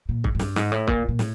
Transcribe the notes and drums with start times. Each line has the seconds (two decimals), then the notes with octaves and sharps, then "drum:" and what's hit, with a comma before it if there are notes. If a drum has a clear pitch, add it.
0.09 A#2
0.24 G#2, drum: kick
0.35 G#2
0.39 G2, drum: snare
0.56 G#2, drum: snare
0.72 A2
0.87 A#2, drum: kick
1.09 A#2
1.19 A2, drum: snare